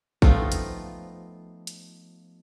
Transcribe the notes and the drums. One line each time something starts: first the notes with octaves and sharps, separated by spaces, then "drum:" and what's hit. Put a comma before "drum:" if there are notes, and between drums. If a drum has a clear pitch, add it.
F3 A3 B3 C4 D#4 F4, drum: kick
drum: hi-hat
drum: hi-hat